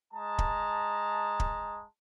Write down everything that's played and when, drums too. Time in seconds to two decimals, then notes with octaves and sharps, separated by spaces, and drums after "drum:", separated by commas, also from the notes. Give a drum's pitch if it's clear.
0.13 G#3 A5 A#5
0.38 drum: kick
1.40 drum: kick